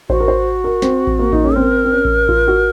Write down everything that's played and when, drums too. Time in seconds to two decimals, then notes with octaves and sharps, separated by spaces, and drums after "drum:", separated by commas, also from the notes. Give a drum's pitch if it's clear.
0.10 F#4 C5, drum: kick A1
0.20 A#4
0.28 C5
0.64 A#4
0.82 C4, drum: snare
1.07 drum: kick A1
1.19 A#3
1.33 D#4, drum: kick A1
1.44 C#4
1.55 C4 A#4
1.85 C4
1.92 C#4
2.05 drum: kick A1
2.29 F4, drum: kick A1
2.48 F#4